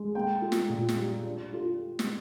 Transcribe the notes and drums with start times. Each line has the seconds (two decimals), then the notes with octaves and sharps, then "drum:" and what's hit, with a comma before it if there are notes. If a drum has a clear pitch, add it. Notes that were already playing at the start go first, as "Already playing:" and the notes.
Already playing: G#3
0.15 A#3 G5
0.42 F4
0.52 drum: snare
0.70 A#2
0.89 drum: snare
0.98 G3
1.26 D4
1.54 F4
1.99 drum: snare